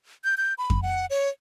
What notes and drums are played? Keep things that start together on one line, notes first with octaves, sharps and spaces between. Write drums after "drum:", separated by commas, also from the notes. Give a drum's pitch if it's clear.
G6
G6
B5
drum: kick F2
F#5
C#5